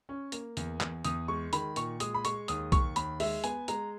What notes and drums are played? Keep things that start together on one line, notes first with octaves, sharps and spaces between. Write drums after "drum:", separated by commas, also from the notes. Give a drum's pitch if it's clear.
C#4
A#3, drum: hi-hat
E2, drum: hi-hat
E2, drum: clap
E2 D#6, drum: hi-hat
G#3 C#6
D#3 B5, drum: hi-hat
A#2 C#6, drum: hi-hat
G#3 D#6, drum: hi-hat
B5
G#3 C#6, drum: hi-hat
D#2 D#6, drum: hi-hat
D#2 C#6, drum: kick B1, hi-hat
D#2 B5, drum: hi-hat
G#3 E5, drum: open hi-hat
B3 G#5, drum: hi-hat
G#3 A#5, drum: hi-hat